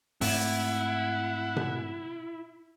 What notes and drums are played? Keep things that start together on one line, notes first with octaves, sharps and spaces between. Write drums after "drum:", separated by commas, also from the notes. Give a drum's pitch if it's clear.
G#2 A3 C4 E4 F#5, drum: open hi-hat
drum: tom B2